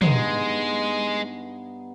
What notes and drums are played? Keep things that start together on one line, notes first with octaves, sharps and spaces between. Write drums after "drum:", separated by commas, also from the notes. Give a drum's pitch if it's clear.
G2 G#3 B3 D#4, drum: tom